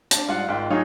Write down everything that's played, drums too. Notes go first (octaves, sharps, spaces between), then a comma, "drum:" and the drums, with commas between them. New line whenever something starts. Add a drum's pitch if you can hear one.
D4 A5, drum: hi-hat
G#2 G3 F4 D#5 F#5 F#6
G#1 G#2 F4 G5
F#3 D#4 F4 G#4 C#5